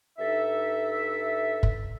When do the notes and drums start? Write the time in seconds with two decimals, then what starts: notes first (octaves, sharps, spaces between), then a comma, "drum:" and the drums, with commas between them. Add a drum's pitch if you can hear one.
0.18 G2 D#4 A4 E5
1.63 drum: kick